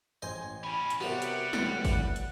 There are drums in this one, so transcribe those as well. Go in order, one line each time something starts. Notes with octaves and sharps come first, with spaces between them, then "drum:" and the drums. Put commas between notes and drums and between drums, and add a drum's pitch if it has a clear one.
A1 C5 D#5 G#5 C6 G#6
B2 C#4 B5
drum: hi-hat
C3 F#3 G3 B3 F#4 A#4 F#5
drum: hi-hat
D2 A2 B3 E4 A4 B4, drum: snare
drum: kick G#1, open hi-hat
drum: hi-hat